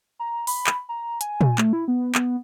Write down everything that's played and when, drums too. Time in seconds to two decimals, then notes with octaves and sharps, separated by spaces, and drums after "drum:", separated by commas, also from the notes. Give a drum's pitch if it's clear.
0.19 A#5
0.47 B5, drum: open hi-hat
0.67 drum: clap
0.89 A#5
1.21 G#5, drum: hi-hat
1.41 drum: tom A#2
1.58 A3, drum: clap
1.73 E4
1.88 B3
2.15 B3, drum: clap